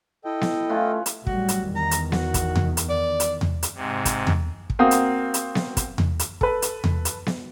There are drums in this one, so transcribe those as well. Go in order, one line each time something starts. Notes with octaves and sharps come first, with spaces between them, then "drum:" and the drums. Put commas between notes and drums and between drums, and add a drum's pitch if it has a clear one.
E4 A4 D#5 G5
drum: snare B3
A3 C#4 F4 B4
drum: hi-hat
A1 F#3 G3 F#4, drum: kick
drum: hi-hat
E2 D#3 A#5
drum: hi-hat
F#4, drum: snare B3
drum: kick, hi-hat
drum: tom E2
drum: hi-hat
D5
drum: hi-hat
drum: tom E2
drum: hi-hat
G#2 C3
drum: kick, hi-hat
drum: tom E2
drum: kick
A#3 C4 F#4 F5 D#6 G6
drum: hi-hat
drum: hi-hat
drum: snare B3
drum: kick, hi-hat
drum: tom E2
drum: hi-hat
A4 B4, drum: kick
drum: hi-hat
drum: tom E2
drum: hi-hat
drum: snare B3